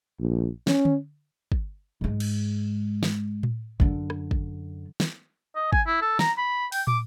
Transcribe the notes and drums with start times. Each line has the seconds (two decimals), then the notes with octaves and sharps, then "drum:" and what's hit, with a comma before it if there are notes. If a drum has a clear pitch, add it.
0.20 A#1
0.67 C#4, drum: snare
0.85 drum: tom D3
1.52 drum: kick
2.01 G#2 G#3
2.20 drum: cymbal
3.03 drum: snare
3.43 drum: tom A2
3.80 F#2 D3, drum: kick
4.10 drum: rim click
4.31 drum: kick
5.00 drum: snare
5.56 D#5
5.73 G#5, drum: kick
5.87 E4
6.01 A4
6.19 A#5, drum: snare
6.38 B5
6.72 G5, drum: open hi-hat
6.87 D6, drum: tom